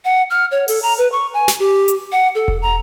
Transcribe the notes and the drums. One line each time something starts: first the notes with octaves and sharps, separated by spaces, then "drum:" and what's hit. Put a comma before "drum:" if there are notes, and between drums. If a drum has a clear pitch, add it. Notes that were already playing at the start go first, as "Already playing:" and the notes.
F#5
F6
C#5
A4, drum: open hi-hat
A#5
B4
C#6
G#5
drum: snare
G4
drum: hi-hat
F#5
A4
drum: kick E1
A#5